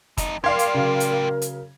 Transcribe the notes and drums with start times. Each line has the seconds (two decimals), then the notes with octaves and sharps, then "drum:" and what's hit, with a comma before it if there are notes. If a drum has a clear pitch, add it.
0.18 F2 D#4, drum: kick, hi-hat
0.44 A2 G4 A#4 D5 F5 C6 G#6
0.59 drum: hi-hat
0.74 C#3 F#3
1.00 drum: hi-hat
1.42 drum: hi-hat